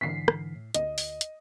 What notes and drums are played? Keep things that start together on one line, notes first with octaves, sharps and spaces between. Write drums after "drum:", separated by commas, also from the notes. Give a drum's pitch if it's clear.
G#2 D3 E3 B6 C7
drum: rim click
A2
D2 D#5, drum: hi-hat
drum: open hi-hat
drum: hi-hat